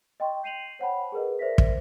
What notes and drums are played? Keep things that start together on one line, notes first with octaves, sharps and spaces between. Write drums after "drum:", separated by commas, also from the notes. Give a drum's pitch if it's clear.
D#5 G5 C6 C#6
G6 C7 D#7 F7 F#7
C5 C#5 F#5 G5 A5 B5
G#4 A#4 B4 D#5
A#4 C5 D5 E5 A#6 B6
drum: kick